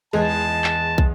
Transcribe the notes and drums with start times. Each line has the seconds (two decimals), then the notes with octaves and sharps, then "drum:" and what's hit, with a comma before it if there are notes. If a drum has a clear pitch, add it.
0.13 E2 G#3 B3 G#5 A5
0.64 drum: clap
0.98 drum: kick